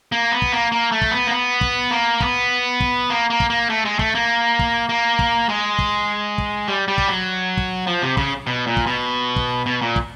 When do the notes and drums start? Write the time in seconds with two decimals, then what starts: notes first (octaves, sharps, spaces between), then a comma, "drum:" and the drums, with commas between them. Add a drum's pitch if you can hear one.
0.12 A#3
0.32 B3
0.42 drum: kick
0.52 A#3
0.72 A#3
0.92 A3
1.02 drum: kick
1.11 B3
1.27 A#3
1.31 B3
1.61 drum: kick
1.91 A#3
2.20 B3, drum: kick
2.80 drum: kick
3.10 A#3
3.30 A#3
3.40 drum: kick
3.50 A#3
3.70 A3
3.85 G#3
3.99 A3, drum: kick
4.15 A#3
4.59 drum: kick
4.89 A#3
5.19 drum: kick
5.49 G#3
5.79 drum: kick
6.38 drum: kick
6.68 G3
6.88 G3
6.98 drum: kick
7.08 F#3
7.57 drum: kick
7.87 F3
8.02 C3
8.17 C#3, drum: kick
8.47 B2
8.67 A#2
8.77 drum: kick
8.87 B2
9.36 drum: kick
9.66 B2
9.82 A#2
9.96 drum: kick